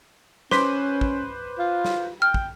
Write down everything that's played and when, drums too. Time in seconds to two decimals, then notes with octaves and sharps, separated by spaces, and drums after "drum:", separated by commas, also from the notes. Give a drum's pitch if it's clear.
0.51 C#4 B4 C5 C6 D6 B6, drum: snare
1.01 drum: kick
1.59 F4
1.85 drum: snare
2.22 G5 F6
2.34 drum: kick